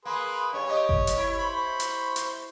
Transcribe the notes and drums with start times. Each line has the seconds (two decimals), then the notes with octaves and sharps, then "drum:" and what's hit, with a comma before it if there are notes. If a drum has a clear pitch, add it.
0.05 A#3 G#4 B4 C6
0.53 G2 C#5
0.69 G4 D#5
0.89 drum: kick G1
1.07 drum: hi-hat
1.17 E4
1.38 C5 B5 C#6
1.80 drum: hi-hat
2.16 drum: hi-hat